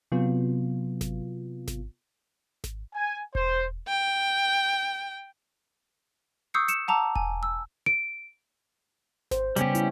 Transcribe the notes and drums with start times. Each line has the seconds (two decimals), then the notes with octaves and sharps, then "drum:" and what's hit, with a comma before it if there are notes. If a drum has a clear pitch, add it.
0.12 C3 F#3 B3 F4
1.01 drum: snare G#1
1.68 drum: snare G#1
2.64 drum: snare G#1
2.95 G#5
3.35 C5, drum: kick E1
3.88 G5
6.54 C#6 D#6 E6 G6 C7 C#7
6.68 C#7 E7, drum: hi-hat
6.88 F#5 A5 A#5 D6 E6
7.16 G#5, drum: kick E1
7.43 E6
7.86 D7
9.31 C5, drum: snare G#1
9.56 C#3 G3 B3 C#4 G4, drum: hi-hat
9.75 E4, drum: hi-hat